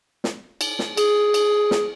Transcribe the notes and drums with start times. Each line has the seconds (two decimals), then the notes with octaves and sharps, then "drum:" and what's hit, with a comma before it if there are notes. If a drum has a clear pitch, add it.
0.24 drum: snare
0.61 drum: cymbal
0.79 drum: snare
0.97 G#4, drum: cymbal
1.34 drum: cymbal
1.71 drum: snare